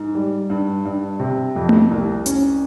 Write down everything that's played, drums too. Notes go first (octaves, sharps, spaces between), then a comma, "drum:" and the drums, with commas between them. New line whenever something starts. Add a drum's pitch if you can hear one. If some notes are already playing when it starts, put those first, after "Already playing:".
Already playing: G#2
G3
G2
G2
C3
F2
drum: tom A3
C2
C#4, drum: hi-hat